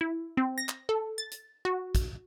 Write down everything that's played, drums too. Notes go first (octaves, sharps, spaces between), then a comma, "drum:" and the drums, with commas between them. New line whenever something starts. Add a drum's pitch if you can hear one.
E4
C4
A#6
drum: clap
A4
A6
drum: hi-hat
F#4
drum: kick, hi-hat